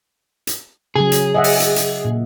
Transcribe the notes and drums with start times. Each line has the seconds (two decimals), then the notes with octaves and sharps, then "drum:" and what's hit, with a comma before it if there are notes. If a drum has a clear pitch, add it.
0.47 drum: hi-hat
0.96 C#3 F#3 G#4
1.12 drum: hi-hat
1.34 D#5 E5 F#5
1.44 drum: open hi-hat
1.60 drum: hi-hat
1.76 drum: hi-hat
2.05 A#2